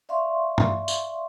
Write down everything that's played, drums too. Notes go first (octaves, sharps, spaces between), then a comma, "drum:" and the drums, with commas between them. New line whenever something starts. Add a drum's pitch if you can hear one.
D5 E5 F5 C6 C#6
drum: tom G2
drum: tambourine